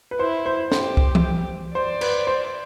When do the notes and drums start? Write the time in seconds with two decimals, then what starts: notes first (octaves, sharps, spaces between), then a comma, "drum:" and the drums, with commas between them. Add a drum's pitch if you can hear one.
0.11 B4
0.19 E4 C5
0.46 C5
0.72 G4 C5, drum: snare
0.97 drum: kick C2
1.15 drum: tom E3
1.75 C5 D5
2.01 B4, drum: cymbal
2.27 C5